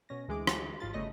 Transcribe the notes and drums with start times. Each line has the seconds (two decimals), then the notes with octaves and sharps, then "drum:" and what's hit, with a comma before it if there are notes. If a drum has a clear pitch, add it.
0.09 B2 C#4 A#6
0.28 D2 E3 G#3 G#4 D6
0.47 drum: rim click
0.80 G#1 G#2 F4 A6
0.94 G1 C#3 A3 C#5 D#5 A#6